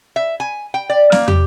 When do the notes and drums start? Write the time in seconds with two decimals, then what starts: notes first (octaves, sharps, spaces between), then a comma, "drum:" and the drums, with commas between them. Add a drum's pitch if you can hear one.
0.16 E5
0.40 G#5
0.74 G5
0.90 D5
1.12 A#3, drum: snare
1.28 G4, drum: tom